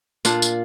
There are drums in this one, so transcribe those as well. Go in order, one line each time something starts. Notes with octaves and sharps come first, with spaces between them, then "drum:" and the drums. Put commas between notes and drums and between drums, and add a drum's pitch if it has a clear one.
A#2 D4 F4, drum: tambourine
drum: tambourine